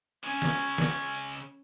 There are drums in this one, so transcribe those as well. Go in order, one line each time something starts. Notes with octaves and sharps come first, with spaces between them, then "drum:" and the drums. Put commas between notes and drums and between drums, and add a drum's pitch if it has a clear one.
C#3 G#3 C#4 G#5
drum: snare
drum: snare
drum: hi-hat